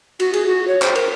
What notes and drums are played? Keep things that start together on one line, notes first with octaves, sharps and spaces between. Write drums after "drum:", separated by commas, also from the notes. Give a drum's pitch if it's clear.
F#4, drum: cymbal
G#4, drum: cymbal
F#4
C#5
C5, drum: clap
A#4, drum: cymbal